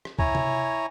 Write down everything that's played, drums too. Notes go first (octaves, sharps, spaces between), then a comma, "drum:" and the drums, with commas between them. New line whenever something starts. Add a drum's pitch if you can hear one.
drum: rim click
E4 C#5 G#5 A#5, drum: kick C#2
drum: tom C3